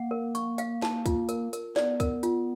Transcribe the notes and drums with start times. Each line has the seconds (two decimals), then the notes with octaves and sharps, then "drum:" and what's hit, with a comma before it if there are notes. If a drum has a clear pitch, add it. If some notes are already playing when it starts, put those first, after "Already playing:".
Already playing: A#3 F#5
0.11 A#4
0.35 C#6, drum: hi-hat
0.58 F5, drum: hi-hat
0.82 A5, drum: snare
1.06 F4, drum: kick, hi-hat
1.29 A#4, drum: hi-hat
1.53 A#4, drum: hi-hat
1.76 B3 D5, drum: snare
2.00 A#4, drum: kick, hi-hat
2.23 F4, drum: hi-hat